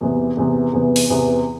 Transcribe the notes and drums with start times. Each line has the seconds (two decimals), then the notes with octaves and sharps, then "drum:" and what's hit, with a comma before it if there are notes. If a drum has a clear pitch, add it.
0.01 E2 C3 E3 B3
0.37 E2 C3 E3 B3
0.73 E2 C3 E3 B3
0.96 drum: open hi-hat
1.10 E2 C3 E3 B3